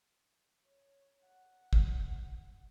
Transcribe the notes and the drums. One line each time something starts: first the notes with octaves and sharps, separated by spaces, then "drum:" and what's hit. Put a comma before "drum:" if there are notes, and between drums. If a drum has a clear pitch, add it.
C#5
F#5
drum: kick